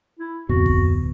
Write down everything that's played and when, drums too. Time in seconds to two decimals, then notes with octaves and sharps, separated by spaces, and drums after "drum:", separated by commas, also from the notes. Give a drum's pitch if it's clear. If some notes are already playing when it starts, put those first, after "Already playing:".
0.19 E4
0.49 D1 F2 B2 F#4
0.66 drum: kick F#1